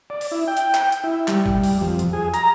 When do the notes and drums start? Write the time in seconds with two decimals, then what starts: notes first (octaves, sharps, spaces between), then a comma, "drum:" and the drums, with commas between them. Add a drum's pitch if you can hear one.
0.10 D5
0.21 drum: open hi-hat
0.32 E4
0.48 G5
0.57 drum: hi-hat
0.74 drum: clap
0.92 drum: hi-hat
1.04 E4
1.28 G3, drum: clap
1.46 drum: kick
1.63 drum: open hi-hat
1.81 F2
1.99 drum: hi-hat
2.13 G#4
2.34 A#5, drum: hi-hat